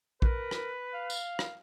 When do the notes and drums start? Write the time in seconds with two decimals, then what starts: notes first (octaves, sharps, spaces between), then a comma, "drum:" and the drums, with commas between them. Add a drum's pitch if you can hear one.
0.22 A#4 B4, drum: kick
0.51 drum: rim click
0.94 F5
1.10 drum: tambourine
1.39 drum: rim click